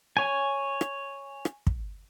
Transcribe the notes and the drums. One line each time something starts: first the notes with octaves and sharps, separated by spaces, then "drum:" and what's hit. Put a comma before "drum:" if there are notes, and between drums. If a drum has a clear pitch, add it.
C#5 G#5
drum: rim click
drum: rim click
drum: kick